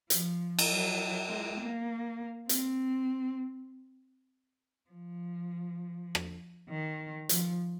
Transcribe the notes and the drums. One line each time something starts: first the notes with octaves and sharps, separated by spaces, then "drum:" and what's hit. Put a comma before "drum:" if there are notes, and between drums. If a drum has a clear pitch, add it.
F3, drum: hi-hat
drum: cymbal
F#3
G#3
A#3
C4, drum: hi-hat
F3
drum: rim click
D#3
F3, drum: hi-hat